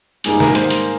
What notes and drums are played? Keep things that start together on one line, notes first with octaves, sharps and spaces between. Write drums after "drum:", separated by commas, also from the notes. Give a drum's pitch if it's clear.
G#2 D#3 G3 A#3 D#4 G#4, drum: hi-hat
A#4, drum: snare
C5, drum: hi-hat
drum: hi-hat